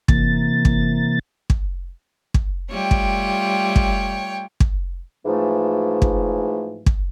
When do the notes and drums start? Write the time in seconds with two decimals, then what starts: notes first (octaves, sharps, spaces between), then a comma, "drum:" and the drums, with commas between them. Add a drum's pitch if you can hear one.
0.08 C3 E3 A#3 A6, drum: kick
0.65 drum: kick
1.50 drum: kick
2.34 drum: kick
2.71 G3 A3 F4 C#5 G5
2.91 drum: kick
3.76 drum: kick
4.60 drum: kick
5.25 G#2 E3 F3 A3
6.02 drum: kick
6.86 drum: kick